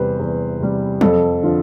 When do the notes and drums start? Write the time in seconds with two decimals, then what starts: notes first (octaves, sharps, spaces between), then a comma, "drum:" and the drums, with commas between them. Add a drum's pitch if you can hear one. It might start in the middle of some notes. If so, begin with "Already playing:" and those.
Already playing: E2 C3 G3 B4 C5
0.20 E2
0.60 C3 G3
1.01 F2 A4, drum: tom F3
1.42 D3 F3